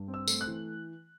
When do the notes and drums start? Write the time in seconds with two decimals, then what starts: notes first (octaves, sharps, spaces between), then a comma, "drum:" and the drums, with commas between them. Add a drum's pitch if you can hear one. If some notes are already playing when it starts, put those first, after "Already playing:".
Already playing: G2
0.08 C4
0.14 E6
0.27 A3, drum: tambourine
0.41 F#6
0.47 E3